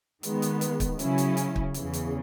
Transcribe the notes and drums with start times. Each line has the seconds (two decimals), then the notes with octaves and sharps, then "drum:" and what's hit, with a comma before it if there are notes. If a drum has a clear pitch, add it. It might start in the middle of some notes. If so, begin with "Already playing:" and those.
0.23 D#3 G#3 B3, drum: hi-hat
0.42 drum: hi-hat
0.61 drum: hi-hat
0.80 drum: kick, hi-hat
0.99 C#3 F#3 C#4 E4, drum: hi-hat
1.18 drum: hi-hat
1.37 drum: hi-hat
1.56 drum: kick
1.74 E2 C#3 E3, drum: hi-hat
1.93 drum: hi-hat